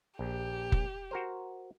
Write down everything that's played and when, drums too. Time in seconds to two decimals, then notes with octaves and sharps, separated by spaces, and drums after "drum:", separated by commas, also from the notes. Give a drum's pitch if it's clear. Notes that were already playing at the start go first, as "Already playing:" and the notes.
0.19 A#1 G4
0.72 drum: kick F1
1.11 F#4 A#4 C5